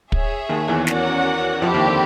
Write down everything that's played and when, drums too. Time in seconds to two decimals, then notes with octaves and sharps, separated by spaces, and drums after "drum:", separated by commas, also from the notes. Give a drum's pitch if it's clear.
0.12 G#4 C#5 E5 G#5, drum: kick
0.49 D#2 D#3
0.68 E2 E3
0.87 C#4 F#4 A#4 D5 F#5, drum: snare
1.62 F2 F3 C4 E4 G4
1.74 D#2 D#3
1.87 D3